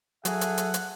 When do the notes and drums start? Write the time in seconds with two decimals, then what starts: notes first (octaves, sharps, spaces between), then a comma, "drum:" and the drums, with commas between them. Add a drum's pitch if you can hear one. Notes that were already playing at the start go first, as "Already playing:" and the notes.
0.25 F#3 G#4 A4 E5 F#5, drum: hi-hat
0.41 drum: hi-hat
0.57 drum: hi-hat
0.74 drum: hi-hat